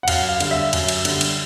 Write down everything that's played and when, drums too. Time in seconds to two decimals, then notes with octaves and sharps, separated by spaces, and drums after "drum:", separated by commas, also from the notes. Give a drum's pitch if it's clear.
0.03 F#5
0.08 F#2 F5, drum: cymbal
0.29 F5
0.40 D3 G3, drum: cymbal
0.51 E5
0.73 F#2, drum: cymbal
0.88 drum: cymbal
1.05 D3 G3, drum: cymbal
1.21 drum: cymbal